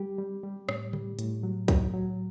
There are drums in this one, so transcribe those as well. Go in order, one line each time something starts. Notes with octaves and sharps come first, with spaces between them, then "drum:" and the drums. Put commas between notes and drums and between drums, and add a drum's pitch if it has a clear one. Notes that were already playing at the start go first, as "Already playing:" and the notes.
Already playing: G3 G4
G3
G3
A2, drum: rim click
G3, drum: tom C#3
A2, drum: hi-hat
F#3
F#3, drum: kick, hi-hat
F#3